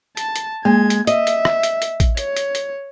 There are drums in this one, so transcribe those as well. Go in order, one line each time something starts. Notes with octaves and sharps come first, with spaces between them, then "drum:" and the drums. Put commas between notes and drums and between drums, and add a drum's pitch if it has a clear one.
A5, drum: hi-hat
drum: hi-hat
G#3 A#3 G#6
drum: hi-hat
D#5 E5, drum: hi-hat
drum: hi-hat
drum: rim click
drum: hi-hat
drum: hi-hat
drum: kick A1, hi-hat
C#5, drum: hi-hat
drum: hi-hat
drum: hi-hat